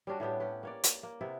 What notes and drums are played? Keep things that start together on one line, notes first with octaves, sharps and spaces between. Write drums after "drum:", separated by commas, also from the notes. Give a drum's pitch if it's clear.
G3 C#4 D4 F#4
A2 G3 B3 G4
C#4 B4 G5
A#3 C#5 D5
drum: hi-hat
A#3
C3 B3 E4